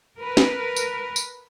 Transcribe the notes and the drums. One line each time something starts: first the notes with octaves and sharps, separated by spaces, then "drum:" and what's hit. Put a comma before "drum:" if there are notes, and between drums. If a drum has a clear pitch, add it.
A#4 B4
drum: snare
drum: tambourine
drum: tambourine